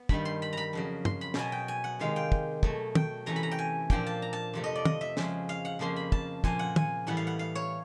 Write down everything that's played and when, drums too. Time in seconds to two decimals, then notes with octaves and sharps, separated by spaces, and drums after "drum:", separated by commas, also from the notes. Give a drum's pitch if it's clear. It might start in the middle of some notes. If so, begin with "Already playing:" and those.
Already playing: B3
0.09 G2 D#3 G3 B5, drum: kick
0.25 C6
0.42 B5
0.53 A#5 B5
0.73 F2 C#3 F#3
1.05 C6, drum: tom
1.21 B5
1.34 B2 F#3 B3 G#5, drum: snare
1.52 G5
1.68 G#5
1.84 F#5
2.00 C3 D#3 G#3 F5
2.16 G5
2.32 drum: kick
2.63 B2 F#3 A3, drum: kick
2.95 G5, drum: tom
3.26 C3 E3 A3 C#4 A#5
3.36 B5
3.43 A#5
3.51 G5
3.59 G#5
3.90 A#2 F3 A#3 D4 G5, drum: kick
4.06 A5
4.22 A#5
4.33 A5
4.54 F2 C3 F3 A3
4.64 D#5
4.75 D5
4.85 D#5, drum: tom
5.01 E5
5.17 C#3 F3 G#3, drum: snare
5.49 F5
5.65 F#5
5.79 F2 C#3 F3 A#3 C6
5.96 B5
6.12 A5, drum: kick
6.44 A#2 F3 A#3 G#5, drum: kick
6.59 F#5
6.76 G#5, drum: tom
7.07 A2 E3 G3 B3 E4 F#5
7.17 F5
7.27 F#5
7.39 F5
7.55 C#5